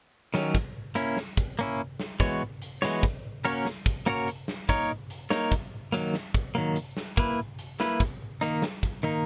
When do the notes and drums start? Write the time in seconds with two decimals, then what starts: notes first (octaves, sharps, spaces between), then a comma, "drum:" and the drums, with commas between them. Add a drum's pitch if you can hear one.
0.34 D#3 F#3 C#4, drum: snare
0.55 drum: kick, hi-hat
0.95 A#3 C#4 E4, drum: hi-hat
1.17 drum: snare
1.37 drum: kick, hi-hat
1.59 A#3 C#4 E4
2.00 drum: snare
2.20 E3 G#3 B3 F#4 C#5, drum: kick, hi-hat
2.62 drum: hi-hat
2.82 E3 G#3 B3 F#4 C#5, drum: snare
3.03 drum: kick, hi-hat
3.45 A#3 C#4 F#4 A#4 C#5, drum: hi-hat
3.65 drum: snare
3.86 drum: kick, hi-hat
4.06 A#3 C#4 F#4 A#4 C#5
4.27 drum: hi-hat
4.48 drum: snare
4.69 A#3 D#4 A#4 C#5, drum: kick, hi-hat
5.10 drum: hi-hat
5.30 A#3 D#4 A#4 C#5, drum: snare
5.52 drum: kick, hi-hat
5.92 D#3 F#3 A#3, drum: hi-hat
6.14 drum: snare
6.34 drum: kick, hi-hat
6.55 D#3 F#3 A#3
6.76 drum: hi-hat
6.97 drum: snare
7.17 A#3 E4 B4, drum: kick, hi-hat
7.59 drum: hi-hat
7.80 A#3 E4 B4, drum: snare
8.00 drum: kick, hi-hat
8.41 D#3 A#3 D#4, drum: hi-hat
8.62 drum: snare
8.83 drum: kick, hi-hat
9.03 D#3 A#3 D#4